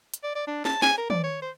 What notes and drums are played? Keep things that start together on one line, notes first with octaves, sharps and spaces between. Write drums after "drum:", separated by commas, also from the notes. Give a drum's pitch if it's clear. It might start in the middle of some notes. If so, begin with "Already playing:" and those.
drum: hi-hat
D5
D5
D4
A5, drum: snare
G#5, drum: snare
A#4
D5, drum: tom
C#5
C5